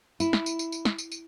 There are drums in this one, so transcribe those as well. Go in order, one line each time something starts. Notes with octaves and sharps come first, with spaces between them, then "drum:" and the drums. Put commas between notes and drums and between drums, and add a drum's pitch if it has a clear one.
E4, drum: tambourine
drum: snare
drum: tambourine
drum: tambourine
drum: tambourine
drum: snare
drum: tambourine
drum: tambourine